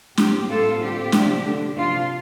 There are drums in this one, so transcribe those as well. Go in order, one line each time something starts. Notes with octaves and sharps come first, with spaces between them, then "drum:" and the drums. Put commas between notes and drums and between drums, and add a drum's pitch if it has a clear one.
A2 G3 C4 G4, drum: snare
A2 A3 C4 F4 A4
D3 G3 C4 G4
C3 F3 D4, drum: snare
D3 A3 D4
C3 F3 D4 F4